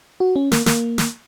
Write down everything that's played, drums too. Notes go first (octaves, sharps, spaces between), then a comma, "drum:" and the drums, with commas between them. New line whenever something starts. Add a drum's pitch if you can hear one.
F#4
C#4
A#3, drum: snare
A#3, drum: snare
drum: snare